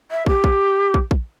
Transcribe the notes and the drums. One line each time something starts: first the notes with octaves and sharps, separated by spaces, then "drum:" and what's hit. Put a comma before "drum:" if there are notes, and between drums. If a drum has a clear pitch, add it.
E5
G4, drum: kick
drum: kick
drum: kick
drum: kick